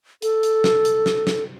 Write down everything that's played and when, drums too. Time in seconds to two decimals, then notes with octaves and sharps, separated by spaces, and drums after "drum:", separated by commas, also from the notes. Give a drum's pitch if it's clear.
0.22 A4, drum: hi-hat
0.43 drum: hi-hat
0.64 drum: snare
0.85 drum: hi-hat
1.06 drum: snare
1.27 drum: snare